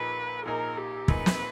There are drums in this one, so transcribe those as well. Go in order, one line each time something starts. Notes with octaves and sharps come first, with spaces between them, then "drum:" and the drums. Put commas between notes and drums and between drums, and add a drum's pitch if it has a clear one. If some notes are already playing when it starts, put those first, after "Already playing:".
Already playing: A#1 A#2 A#3 D#4 G#4 B4
A#1 A#2 A#3 D#4 G#4 A#4
G4
A#1 A#2 A#3 D#4 G#4 B4, drum: kick
drum: snare